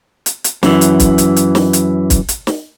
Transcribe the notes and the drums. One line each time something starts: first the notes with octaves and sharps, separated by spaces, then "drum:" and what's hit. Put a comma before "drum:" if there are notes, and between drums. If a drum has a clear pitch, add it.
drum: hi-hat
drum: hi-hat
F#2 E3, drum: snare
drum: hi-hat
drum: kick, hi-hat
drum: hi-hat
drum: hi-hat
drum: snare
drum: hi-hat
drum: kick, hi-hat
drum: hi-hat
drum: snare